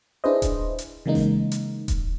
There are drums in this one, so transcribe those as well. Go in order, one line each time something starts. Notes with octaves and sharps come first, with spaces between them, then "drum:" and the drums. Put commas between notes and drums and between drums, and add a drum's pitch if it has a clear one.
D4 E4 G#4 B4 C5 D#5
drum: kick D#1, hi-hat
drum: hi-hat
C#3 E3 G#3 A#3 D#4
drum: snare G#1
drum: hi-hat
drum: kick D#1, hi-hat